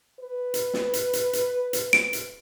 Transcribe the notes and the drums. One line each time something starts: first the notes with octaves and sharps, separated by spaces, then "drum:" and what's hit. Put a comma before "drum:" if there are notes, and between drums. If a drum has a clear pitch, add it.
B4
drum: hi-hat
drum: snare
drum: hi-hat
drum: hi-hat
drum: hi-hat
drum: hi-hat
D7, drum: snare
drum: hi-hat